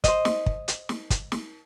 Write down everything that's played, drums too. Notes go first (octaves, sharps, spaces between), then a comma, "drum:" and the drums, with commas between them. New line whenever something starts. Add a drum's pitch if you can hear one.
C5 D#5, drum: kick, hi-hat
drum: snare
drum: kick
drum: hi-hat
drum: snare
drum: kick, hi-hat
drum: snare